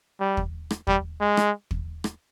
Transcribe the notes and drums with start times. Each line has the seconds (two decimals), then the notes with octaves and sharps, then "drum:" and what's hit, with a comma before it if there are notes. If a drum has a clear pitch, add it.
0.20 G3
0.37 drum: kick
0.71 drum: rim click
0.87 G3, drum: kick
1.21 G#3
1.37 drum: rim click
1.71 drum: kick
2.04 drum: rim click